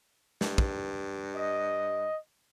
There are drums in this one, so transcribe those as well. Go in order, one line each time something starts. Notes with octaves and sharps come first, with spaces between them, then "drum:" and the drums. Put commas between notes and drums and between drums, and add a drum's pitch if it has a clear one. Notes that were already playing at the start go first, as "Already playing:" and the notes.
G2, drum: snare
drum: kick
D#5